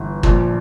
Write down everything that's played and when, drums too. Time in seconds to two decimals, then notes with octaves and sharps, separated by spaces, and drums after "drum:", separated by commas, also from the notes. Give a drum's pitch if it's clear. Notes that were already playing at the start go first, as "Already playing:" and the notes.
Already playing: G1 E3
0.23 A#1 A#2 F3, drum: kick